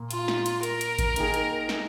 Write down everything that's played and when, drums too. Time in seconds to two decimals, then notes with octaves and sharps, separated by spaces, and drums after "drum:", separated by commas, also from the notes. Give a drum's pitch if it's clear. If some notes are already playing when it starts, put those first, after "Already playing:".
Already playing: A#2 A#3
0.11 F4, drum: hi-hat
0.28 drum: snare
0.46 drum: hi-hat
0.63 A#4, drum: hi-hat
0.81 drum: hi-hat
0.99 drum: kick G#1, hi-hat
1.16 D#3 A#3 D#4 G#4, drum: hi-hat
1.34 drum: hi-hat
1.69 drum: snare